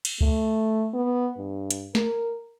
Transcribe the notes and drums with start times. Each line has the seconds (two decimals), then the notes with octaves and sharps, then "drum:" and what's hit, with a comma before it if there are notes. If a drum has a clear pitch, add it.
0.05 drum: cymbal
0.21 A3, drum: kick
0.94 B3
1.38 G2
1.71 drum: hi-hat
1.95 A#4, drum: snare